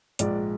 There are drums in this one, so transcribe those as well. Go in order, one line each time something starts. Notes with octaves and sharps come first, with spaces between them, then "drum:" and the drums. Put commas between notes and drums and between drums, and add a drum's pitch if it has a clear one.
A#1 G#2 F3 G#3 D5, drum: hi-hat